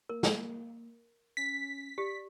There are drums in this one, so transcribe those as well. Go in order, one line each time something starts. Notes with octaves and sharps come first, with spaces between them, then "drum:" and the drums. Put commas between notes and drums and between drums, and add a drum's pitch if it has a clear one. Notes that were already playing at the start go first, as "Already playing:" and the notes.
A#3 A#4
drum: snare
C#4 B6
G4 D5